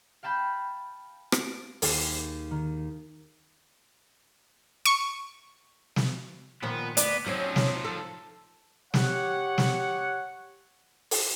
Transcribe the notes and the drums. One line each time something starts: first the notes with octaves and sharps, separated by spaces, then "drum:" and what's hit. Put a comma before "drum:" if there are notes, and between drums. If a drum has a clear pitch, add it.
F5 G5 A5 B5 G6
A6 D7, drum: rim click
D#2 G#4 A6 C7, drum: open hi-hat
D#3
C#6
drum: snare
A#2 D#3 F3 B3
D2 B3 D5, drum: hi-hat
F3 F#3 C4 C#4 D#4
drum: snare
A4
G4 C#5 F#5, drum: snare
drum: snare
drum: open hi-hat